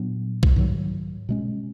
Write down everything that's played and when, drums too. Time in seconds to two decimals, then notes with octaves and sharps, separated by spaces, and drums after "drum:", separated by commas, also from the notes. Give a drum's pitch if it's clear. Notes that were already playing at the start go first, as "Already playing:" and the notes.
Already playing: A#2 F#3 B3 D4
0.43 drum: kick B1
0.56 G#2 D#3 F#3
1.29 B2 G#3 C#4